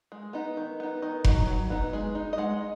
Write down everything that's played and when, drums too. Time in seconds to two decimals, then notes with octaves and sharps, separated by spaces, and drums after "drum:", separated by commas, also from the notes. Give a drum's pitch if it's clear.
0.12 G#3
0.33 B3 D#4
0.57 D#3
0.80 B3 D#4
1.02 D#3 D#5
1.25 F#3 D#4, drum: kick F1
1.47 F#3
1.70 B3 D#4
1.93 G#3
2.15 D#4
2.33 D#5
2.38 G#3 F#5